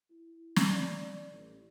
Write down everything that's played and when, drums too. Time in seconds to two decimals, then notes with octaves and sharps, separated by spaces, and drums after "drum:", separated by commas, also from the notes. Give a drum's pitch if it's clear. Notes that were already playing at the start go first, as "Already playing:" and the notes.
0.11 E4
0.56 drum: snare
0.70 D5
1.30 A1